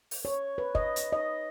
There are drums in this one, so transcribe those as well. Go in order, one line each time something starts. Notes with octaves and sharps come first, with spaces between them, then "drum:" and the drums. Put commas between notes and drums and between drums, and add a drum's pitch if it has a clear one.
drum: open hi-hat
C#5
B4
D#5, drum: kick
drum: hi-hat
D#5